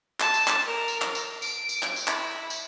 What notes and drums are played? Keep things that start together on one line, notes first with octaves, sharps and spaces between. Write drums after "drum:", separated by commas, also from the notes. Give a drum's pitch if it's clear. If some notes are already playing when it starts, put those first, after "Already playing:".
A5, drum: clap
drum: tambourine
drum: clap
A#4
drum: tambourine
drum: clap
drum: tambourine
D7, drum: tambourine
drum: tambourine
drum: clap
drum: tambourine
E4, drum: clap
drum: tambourine